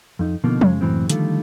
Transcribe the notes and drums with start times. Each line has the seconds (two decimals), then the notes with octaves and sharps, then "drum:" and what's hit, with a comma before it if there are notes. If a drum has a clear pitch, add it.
0.19 F2 D#4
0.44 B2 D3 F3 A#3 D#4
0.61 F#2 C#3 G#3, drum: tom F3
0.81 C2 F#2 A2 E3 G#3 C4
1.10 D3 D#3 F3 G3 A3 F4, drum: hi-hat